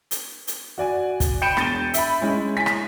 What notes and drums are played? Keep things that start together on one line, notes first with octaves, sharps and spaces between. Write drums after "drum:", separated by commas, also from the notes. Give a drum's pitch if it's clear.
drum: hi-hat
drum: hi-hat
F#4 D5 G#5
drum: kick, hi-hat
G5 B5 G6 C#7 D7 E7
E1 A6 D#7 G7, drum: rim click
E5 B5, drum: hi-hat
G#3 C#4 E4
G#5 B6
drum: rim click